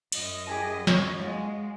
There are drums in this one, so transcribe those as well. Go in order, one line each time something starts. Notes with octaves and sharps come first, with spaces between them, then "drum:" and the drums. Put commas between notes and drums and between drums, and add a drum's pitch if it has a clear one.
F#2 D#5, drum: cymbal
G4 G#4 G#5
C#5, drum: snare
G#3 F4 F#4